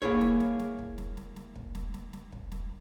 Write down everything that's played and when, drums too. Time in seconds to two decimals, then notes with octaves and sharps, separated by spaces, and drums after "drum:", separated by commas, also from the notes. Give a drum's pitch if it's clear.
0.02 A#3 E4 G#4 C#5, drum: kick
0.21 drum: snare
0.40 drum: snare
0.59 drum: snare
0.79 drum: kick
0.98 drum: snare
1.17 drum: snare
1.36 drum: snare
1.55 drum: kick
1.75 drum: snare
1.94 drum: snare
2.13 drum: snare
2.32 drum: kick
2.52 drum: snare